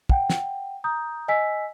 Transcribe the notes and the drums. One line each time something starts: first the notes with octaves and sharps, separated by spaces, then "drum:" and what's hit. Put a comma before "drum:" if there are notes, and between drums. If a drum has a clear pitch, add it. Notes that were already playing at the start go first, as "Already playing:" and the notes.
F#5 G5, drum: kick
drum: snare
A#5 D#6 G6
D#5 G#5 E6 B6